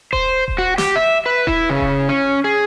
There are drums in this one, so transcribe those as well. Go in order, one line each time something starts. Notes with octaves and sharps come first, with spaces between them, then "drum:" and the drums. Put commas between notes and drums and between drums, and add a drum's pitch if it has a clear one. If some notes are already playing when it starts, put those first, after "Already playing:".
C5, drum: kick D#1
drum: kick D#1
F#4
G4, drum: snare
E5
B4
E4, drum: kick D#1
C#3
drum: kick D#1
C#4
G#4